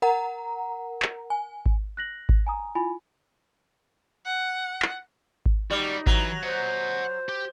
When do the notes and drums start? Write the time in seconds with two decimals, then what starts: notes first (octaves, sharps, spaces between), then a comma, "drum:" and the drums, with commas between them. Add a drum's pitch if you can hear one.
0.02 A#4 F#5 A#5
1.02 drum: clap
1.30 G#5
1.66 drum: kick G#1
1.97 F#6 A#6 F#7
2.29 drum: kick G#1
2.47 G#5 A#5 D#6
2.75 E4 F4 G#5 B5
4.26 F#5
4.82 drum: clap
5.46 drum: kick G#1
5.71 G3 D#4 F#4 D5
6.07 E3 F#3, drum: kick G#1
6.43 C5 D#5 F#5
7.29 G4